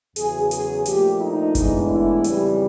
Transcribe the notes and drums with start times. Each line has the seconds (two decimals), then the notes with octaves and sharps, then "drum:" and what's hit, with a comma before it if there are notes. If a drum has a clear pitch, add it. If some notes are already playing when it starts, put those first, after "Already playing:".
0.16 E2 C#3 F#3 G#4, drum: hi-hat
0.51 G#4, drum: hi-hat
0.86 A#2 F3 A3 D4 G4, drum: hi-hat
1.20 D#4
1.55 A2 E3 G#3 B3 D4, drum: kick F#1, hi-hat
1.89 E4
2.24 F2 C#3 E3 G3, drum: hi-hat